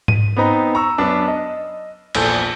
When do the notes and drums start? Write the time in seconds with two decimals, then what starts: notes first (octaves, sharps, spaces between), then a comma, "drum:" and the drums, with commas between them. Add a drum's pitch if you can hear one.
0.08 D#7, drum: tom G#2
0.37 B3 C4 D#4 A#5 B5
0.75 A#5 C#6 E6
0.98 F#2 B3 D4 A5
1.28 D#5
2.15 A#1 E2 A4 G6, drum: cymbal